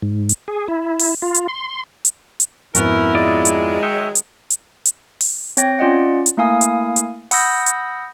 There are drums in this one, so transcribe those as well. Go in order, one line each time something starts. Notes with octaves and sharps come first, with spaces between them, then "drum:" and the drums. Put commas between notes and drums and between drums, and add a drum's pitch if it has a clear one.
G#2
drum: hi-hat
G#4
E4
drum: open hi-hat
F4
drum: hi-hat
C6
drum: hi-hat
drum: hi-hat
F2 G#2 B3 C#4 E4 F#4 A#4, drum: hi-hat
D#3 F#3 G#3 F4 D5 D#5
drum: hi-hat
C#5 E5 G5
drum: hi-hat
drum: hi-hat
drum: hi-hat
drum: open hi-hat
C4 C#5 G5 A#6, drum: hi-hat
C#4 F4 D5 D#5 F#5
drum: hi-hat
A3 A#3 E4 F5 G#5 D#6
drum: hi-hat
drum: hi-hat
F#5 B5 D#6 E6 G6 A#6, drum: open hi-hat
drum: hi-hat